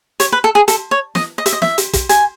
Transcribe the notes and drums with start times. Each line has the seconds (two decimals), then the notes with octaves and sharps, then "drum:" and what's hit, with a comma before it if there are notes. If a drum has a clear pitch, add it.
0.20 C#5, drum: hi-hat
0.32 B4
0.44 A4
0.55 G#4
0.68 A4, drum: hi-hat
0.91 C#5
1.15 D#5, drum: snare
1.38 D#5
1.46 E5, drum: hi-hat
1.53 D#5
1.62 E5, drum: snare
1.78 drum: hi-hat
1.93 drum: kick, hi-hat
2.09 G#5, drum: hi-hat